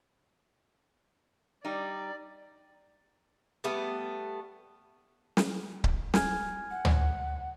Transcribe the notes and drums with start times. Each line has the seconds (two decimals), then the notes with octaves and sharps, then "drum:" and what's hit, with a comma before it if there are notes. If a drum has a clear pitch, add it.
1.65 G3 D#4 D5
3.64 G3 A3 B3
5.37 drum: snare
5.84 drum: kick C#1
6.14 G#5 F6 G#6, drum: snare
6.71 F#5
6.85 drum: tom D2